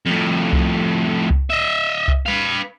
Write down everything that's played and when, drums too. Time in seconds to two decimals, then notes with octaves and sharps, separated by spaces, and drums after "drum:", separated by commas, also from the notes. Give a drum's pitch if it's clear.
0.06 F2 A2
0.53 drum: kick C2
1.30 drum: kick C2
1.50 D#5 E5
2.08 drum: kick C2
2.26 B4 F5